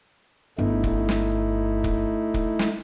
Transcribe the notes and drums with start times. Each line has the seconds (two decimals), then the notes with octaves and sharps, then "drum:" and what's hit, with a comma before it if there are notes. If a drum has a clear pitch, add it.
0.58 G1 A3 D#4 E4
0.84 drum: kick
1.09 drum: snare
1.84 drum: kick
2.34 drum: kick
2.59 drum: snare